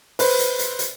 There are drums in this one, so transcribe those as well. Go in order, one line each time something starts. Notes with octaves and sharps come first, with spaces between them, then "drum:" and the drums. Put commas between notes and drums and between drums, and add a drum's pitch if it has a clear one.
B4 C5, drum: open hi-hat
drum: hi-hat
drum: hi-hat
drum: hi-hat